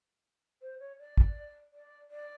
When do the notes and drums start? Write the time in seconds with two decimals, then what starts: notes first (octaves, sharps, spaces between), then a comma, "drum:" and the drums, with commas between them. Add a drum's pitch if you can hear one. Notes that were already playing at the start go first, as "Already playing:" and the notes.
0.62 C5
0.80 C#5
0.99 D5
1.17 drum: kick
1.73 D5
2.10 D5